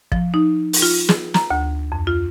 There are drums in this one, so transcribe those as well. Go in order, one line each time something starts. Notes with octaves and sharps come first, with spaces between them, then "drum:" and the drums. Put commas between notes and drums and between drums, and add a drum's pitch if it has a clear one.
F3, drum: kick
D#4
drum: open hi-hat
F4
G#4, drum: snare
A#5, drum: snare
D2
F2
F4